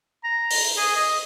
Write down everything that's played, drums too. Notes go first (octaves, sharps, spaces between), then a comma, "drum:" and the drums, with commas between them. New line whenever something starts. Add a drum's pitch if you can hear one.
A#5
drum: open hi-hat
G#4
D#5